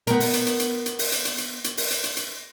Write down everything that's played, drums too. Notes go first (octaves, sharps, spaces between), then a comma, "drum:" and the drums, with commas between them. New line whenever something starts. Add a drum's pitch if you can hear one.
B3 A#4, drum: hi-hat
drum: open hi-hat
drum: hi-hat
drum: hi-hat
drum: hi-hat
drum: hi-hat
drum: open hi-hat
drum: hi-hat
drum: hi-hat
drum: hi-hat
drum: hi-hat
drum: open hi-hat
drum: hi-hat
drum: hi-hat
drum: hi-hat